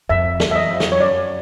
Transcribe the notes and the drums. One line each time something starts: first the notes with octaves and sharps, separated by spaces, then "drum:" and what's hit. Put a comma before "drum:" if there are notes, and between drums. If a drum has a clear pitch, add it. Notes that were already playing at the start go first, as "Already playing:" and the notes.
F2 E5
E2, drum: snare
E5
D#5
F2
drum: snare
C#5
F#2 D5